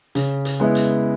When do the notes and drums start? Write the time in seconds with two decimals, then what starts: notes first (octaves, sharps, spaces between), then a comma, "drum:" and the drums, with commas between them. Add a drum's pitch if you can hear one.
0.15 C#3, drum: hi-hat
0.45 drum: hi-hat
0.60 G#3 B3 E4
0.75 drum: hi-hat